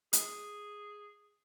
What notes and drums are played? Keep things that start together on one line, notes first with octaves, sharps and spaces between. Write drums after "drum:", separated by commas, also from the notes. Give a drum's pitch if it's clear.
G#4, drum: hi-hat